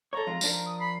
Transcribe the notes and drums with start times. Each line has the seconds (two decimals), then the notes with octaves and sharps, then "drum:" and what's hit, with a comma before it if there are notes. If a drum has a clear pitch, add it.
0.13 A4 C#5 A#5
0.27 F2 G#3 F4
0.41 F3 D4 A#4, drum: tambourine
0.66 D#6
0.80 B5 C7